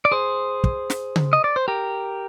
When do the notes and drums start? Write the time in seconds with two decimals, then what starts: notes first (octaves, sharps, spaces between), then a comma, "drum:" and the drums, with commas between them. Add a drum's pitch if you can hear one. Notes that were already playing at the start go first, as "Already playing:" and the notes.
0.05 D5
0.12 G#4 C5
0.64 drum: kick
0.90 drum: snare
1.16 drum: tom C#3
1.33 D#5
1.44 D5
1.56 C5
1.68 G4 A#4